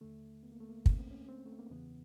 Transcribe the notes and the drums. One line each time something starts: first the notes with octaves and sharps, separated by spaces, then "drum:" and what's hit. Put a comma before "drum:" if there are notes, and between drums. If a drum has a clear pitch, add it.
D#2 D3 A3
B3
A#3
A3
A#3
C#4, drum: kick
C4
C#4
C4
A3
A#3
E2 C#3 E3 B3